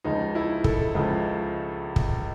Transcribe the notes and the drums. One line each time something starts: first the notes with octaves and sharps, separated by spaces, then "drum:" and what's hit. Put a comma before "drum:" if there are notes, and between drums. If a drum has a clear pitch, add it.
C#2 C#3 F3 D#4
E4
A4, drum: kick
C#2 C#3 F3
drum: kick